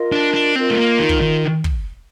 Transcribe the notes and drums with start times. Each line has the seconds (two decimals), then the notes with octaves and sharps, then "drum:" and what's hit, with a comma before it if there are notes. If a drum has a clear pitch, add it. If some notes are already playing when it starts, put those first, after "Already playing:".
Already playing: F4 A#4 D#5
0.12 D4
0.34 D4
0.56 C4 F4 A#4 D#5
0.71 A3
0.77 A#3
0.99 D#3
1.09 drum: kick
1.21 D#3
1.64 drum: kick